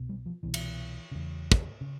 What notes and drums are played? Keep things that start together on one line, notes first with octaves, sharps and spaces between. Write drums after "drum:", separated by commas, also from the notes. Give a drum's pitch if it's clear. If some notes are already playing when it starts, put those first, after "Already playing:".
Already playing: C2 B2
G3
F3
C2 B2 E3
drum: cymbal
E2 C#3
drum: kick
C#3